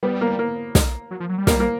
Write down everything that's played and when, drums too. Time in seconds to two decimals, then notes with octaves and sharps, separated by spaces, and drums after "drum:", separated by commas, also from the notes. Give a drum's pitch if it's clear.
0.03 G3 B3
0.21 A#3
0.39 A#3
0.75 drum: snare
1.11 F#3
1.20 F3
1.29 F#3
1.38 G3
1.47 A#3, drum: snare
1.60 A#3